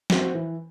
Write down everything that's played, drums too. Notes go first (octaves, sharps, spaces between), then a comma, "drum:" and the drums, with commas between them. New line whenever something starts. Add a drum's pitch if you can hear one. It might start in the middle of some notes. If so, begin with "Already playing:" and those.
C4 F#4 C5, drum: snare
E3